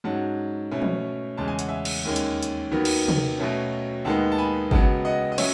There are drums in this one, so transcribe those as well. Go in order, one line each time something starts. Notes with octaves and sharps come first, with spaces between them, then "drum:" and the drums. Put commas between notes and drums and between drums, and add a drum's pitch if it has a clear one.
G#2 F#3 C#4 F#5 A5
B2 A3 C#4
drum: tom E3
E2 C#3 G#3 C#4 A5
G#5
F#5, drum: hi-hat
E5 G#5
drum: cymbal
D#2 D#3 G#3 C#4
drum: hi-hat
drum: hi-hat
D#2 D#3 F#3 B3
drum: cymbal
drum: tom
B2 F#3 A3 C#4
D#2 D#3 G#3 B3 F#5 A5
A5
G#5 B5
C#2 C#3 F#3 B3 F#5 A5, drum: kick G1
D#5 F#5
D#5
F#3 C#4 C#5 E5, drum: cymbal